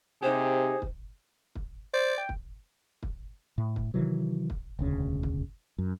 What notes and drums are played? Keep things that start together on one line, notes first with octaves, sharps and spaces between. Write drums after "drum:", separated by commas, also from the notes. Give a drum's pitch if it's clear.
C3 D#4 G4 G#4 C5
drum: kick
drum: kick
C5 D5
G5
drum: kick
drum: kick
A2
drum: kick
C3 D#3 E3 F#3
drum: kick
E1 D2 C#3
drum: kick
F#2